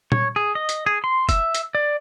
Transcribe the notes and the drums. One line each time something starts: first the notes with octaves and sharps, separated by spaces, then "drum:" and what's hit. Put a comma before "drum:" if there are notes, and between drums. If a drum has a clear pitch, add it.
C#5, drum: tom A#2
G#4
D#5
drum: hi-hat
G#4
C6
E5, drum: kick, hi-hat
drum: hi-hat
D5